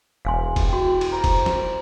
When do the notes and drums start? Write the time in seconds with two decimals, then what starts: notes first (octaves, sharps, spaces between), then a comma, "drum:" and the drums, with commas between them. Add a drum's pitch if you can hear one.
0.25 E1 F5 G#5 C6
0.56 E4 G4 B4, drum: kick F1, cymbal
0.73 F#4 C6
1.01 drum: cymbal
1.12 A#4 C5 A#5
1.24 drum: kick F1, cymbal
1.46 drum: snare